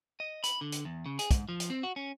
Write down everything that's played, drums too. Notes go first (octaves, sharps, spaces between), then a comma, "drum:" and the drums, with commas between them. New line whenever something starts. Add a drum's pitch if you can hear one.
D#5
B5, drum: hi-hat
D3
drum: hi-hat
E2
C#3
G#4, drum: hi-hat
G#2, drum: kick, hi-hat
F3
drum: hi-hat
C4
F#4
C#4